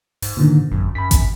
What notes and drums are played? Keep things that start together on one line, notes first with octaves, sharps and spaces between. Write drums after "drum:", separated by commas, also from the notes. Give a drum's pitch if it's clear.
G#2, drum: open hi-hat
A#2 D3 D#3
G#1 F#2
F#2 B5 B6
drum: kick G#1, hi-hat